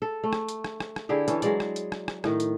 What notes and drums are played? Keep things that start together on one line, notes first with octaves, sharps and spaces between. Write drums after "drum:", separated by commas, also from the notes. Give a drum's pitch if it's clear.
A4
A3
drum: rim click
drum: hi-hat
drum: rim click
drum: rim click
drum: rim click
D3 E4 G4 G#4
E3 C#4 A4, drum: hi-hat
F#3 G#3 D5, drum: hi-hat
drum: rim click
drum: hi-hat
drum: rim click
drum: rim click
A2 D#3, drum: rim click
drum: hi-hat